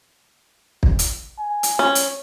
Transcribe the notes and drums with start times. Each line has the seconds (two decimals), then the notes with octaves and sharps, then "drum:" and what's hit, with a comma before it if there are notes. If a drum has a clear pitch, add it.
0.83 drum: kick
0.99 drum: hi-hat
1.40 G#5
1.63 drum: hi-hat
1.79 C#4
1.95 drum: hi-hat